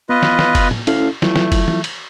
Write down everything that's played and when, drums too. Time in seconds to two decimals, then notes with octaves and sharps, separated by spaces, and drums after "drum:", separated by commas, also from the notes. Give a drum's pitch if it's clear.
0.09 B3 F4 B4 D#5
0.23 drum: snare
0.39 drum: snare
0.55 drum: kick F#1, cymbal
0.71 drum: tom A2
0.87 D2 C#4 E4 A4 F5, drum: cymbal
1.22 F#3 A3 E4 F4, drum: snare
1.36 drum: snare
1.52 drum: kick F#1, cymbal
1.68 drum: tom
1.84 drum: cymbal